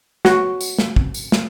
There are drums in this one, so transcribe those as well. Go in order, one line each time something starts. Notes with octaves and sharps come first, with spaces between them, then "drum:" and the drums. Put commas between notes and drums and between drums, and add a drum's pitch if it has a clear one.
F#4, drum: snare
drum: tambourine
drum: snare
drum: kick
drum: tambourine
drum: snare